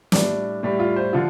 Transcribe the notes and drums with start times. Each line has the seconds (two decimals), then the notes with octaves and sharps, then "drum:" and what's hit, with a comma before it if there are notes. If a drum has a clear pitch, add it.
0.12 A2 G3 D4, drum: snare
0.63 A2 G3
0.79 F4
0.96 C5
1.13 D3 F3 F4